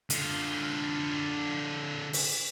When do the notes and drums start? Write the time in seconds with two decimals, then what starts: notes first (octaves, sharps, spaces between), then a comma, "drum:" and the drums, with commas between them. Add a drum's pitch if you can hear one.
0.10 D3 F4, drum: hi-hat
2.13 drum: open hi-hat